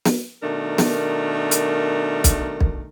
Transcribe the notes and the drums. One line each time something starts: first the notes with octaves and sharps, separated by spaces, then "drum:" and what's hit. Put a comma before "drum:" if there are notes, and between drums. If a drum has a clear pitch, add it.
drum: snare
B2 D#3 A3 D4 A#4
drum: snare
drum: hi-hat
drum: kick B1, hi-hat
drum: kick B1